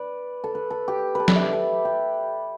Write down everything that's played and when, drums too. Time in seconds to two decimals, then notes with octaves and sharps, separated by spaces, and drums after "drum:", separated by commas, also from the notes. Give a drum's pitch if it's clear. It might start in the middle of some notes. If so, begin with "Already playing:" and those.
Already playing: B4 D5
0.44 A4
0.55 B4
0.70 A4
0.88 G4
1.15 A4 B4
1.28 D5, drum: snare
1.35 E5
1.53 A4
1.85 G4